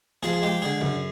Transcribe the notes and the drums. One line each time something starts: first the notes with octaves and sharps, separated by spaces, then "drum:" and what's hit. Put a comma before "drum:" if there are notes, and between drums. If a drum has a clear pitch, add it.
F3 G#4, drum: snare
G#4
G#3 G4
D3 G#4
F#2, drum: tom C#3